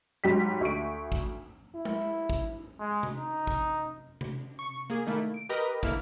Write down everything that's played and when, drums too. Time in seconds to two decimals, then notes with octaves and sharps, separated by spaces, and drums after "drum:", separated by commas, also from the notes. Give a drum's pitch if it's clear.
0.24 G#2 F#3 G3 G5 B6
0.61 D2 C#6 D7
1.12 drum: kick
1.75 E4
1.85 drum: tom G#3
2.30 drum: kick
2.80 G#3
3.03 drum: tom C3
3.15 D#4
3.47 drum: kick
4.21 drum: tom C3
4.59 C#6
4.90 A#3 G#4
5.07 D#3 A3 A#3 E4
5.34 D7
5.49 G4 A#4 B4 D#5
5.83 D3 E3 A#3 E4 F6, drum: kick